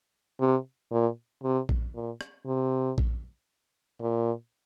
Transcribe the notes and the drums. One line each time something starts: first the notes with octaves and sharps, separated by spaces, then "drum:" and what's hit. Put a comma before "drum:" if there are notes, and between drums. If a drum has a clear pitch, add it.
C3
A#2
C3
drum: kick A#1
A#2
drum: rim click
C3
drum: kick A#1
A#2